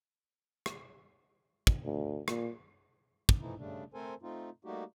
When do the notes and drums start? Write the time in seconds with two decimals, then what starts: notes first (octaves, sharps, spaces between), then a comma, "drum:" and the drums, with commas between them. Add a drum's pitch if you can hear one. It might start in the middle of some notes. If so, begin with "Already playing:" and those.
0.66 drum: rim click
1.67 drum: kick
1.84 D2
2.28 A#2, drum: rim click
3.29 drum: kick
3.40 E3 F3 A3 D#4 E4
3.58 C#3 G3 A3 D4
3.94 A3 C4 A4 A#4 C5 G#5
4.22 A3 C4 D#4 F4
4.65 G3 A3 A#3 D#4 F#4 G4